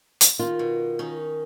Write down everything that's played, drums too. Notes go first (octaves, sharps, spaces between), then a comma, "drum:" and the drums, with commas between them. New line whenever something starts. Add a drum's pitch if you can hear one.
drum: hi-hat
D#3 F4
B2
D#3 C#4 D#4